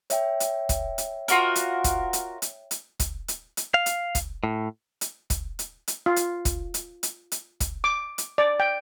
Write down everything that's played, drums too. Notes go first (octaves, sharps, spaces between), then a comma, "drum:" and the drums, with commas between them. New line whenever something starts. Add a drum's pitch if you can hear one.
C#5 E5 G5, drum: hi-hat
drum: hi-hat
drum: kick, hi-hat
drum: hi-hat
F4 F#4 A#4, drum: hi-hat
drum: hi-hat
drum: kick, hi-hat
drum: hi-hat
drum: hi-hat
drum: hi-hat
drum: kick, hi-hat
drum: hi-hat
drum: hi-hat
F5
drum: hi-hat
drum: kick, hi-hat
A2
drum: hi-hat
drum: kick, hi-hat
drum: hi-hat
drum: hi-hat
F4
drum: hi-hat
drum: kick, hi-hat
drum: hi-hat
drum: hi-hat
drum: hi-hat
drum: kick, hi-hat
D6
drum: hi-hat
D5
G5